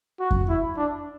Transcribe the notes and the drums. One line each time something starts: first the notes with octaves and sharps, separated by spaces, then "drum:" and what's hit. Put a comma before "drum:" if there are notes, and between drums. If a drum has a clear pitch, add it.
F#4
drum: kick F2
E4
D4